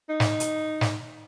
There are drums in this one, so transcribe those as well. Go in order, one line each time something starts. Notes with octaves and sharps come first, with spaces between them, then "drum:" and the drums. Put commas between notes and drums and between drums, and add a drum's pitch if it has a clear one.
D#4
drum: snare
drum: hi-hat
drum: snare